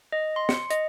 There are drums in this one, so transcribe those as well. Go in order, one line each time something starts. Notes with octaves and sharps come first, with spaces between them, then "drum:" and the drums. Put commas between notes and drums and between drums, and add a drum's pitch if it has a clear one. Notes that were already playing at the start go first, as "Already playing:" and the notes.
D#5
C6
C#7, drum: snare
D#5, drum: hi-hat